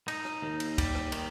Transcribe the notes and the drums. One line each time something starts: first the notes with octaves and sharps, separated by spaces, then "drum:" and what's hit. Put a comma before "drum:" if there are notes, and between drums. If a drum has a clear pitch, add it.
D#4, drum: cymbal
drum: rim click
D#2
drum: cymbal
G3, drum: kick, cymbal
drum: rim click
D#3, drum: cymbal